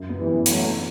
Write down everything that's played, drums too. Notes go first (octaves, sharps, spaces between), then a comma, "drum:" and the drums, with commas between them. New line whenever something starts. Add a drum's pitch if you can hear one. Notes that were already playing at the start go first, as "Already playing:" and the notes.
Already playing: F#2
B3
E3 G3
F#2
E3 F#3 A3, drum: hi-hat
B3